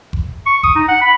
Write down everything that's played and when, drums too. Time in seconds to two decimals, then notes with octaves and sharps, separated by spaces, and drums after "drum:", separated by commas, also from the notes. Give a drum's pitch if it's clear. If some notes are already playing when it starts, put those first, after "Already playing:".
0.13 drum: kick F#1
0.46 C#6
0.63 D#6, drum: kick F#1
0.75 D#4
0.88 F#5
1.01 B5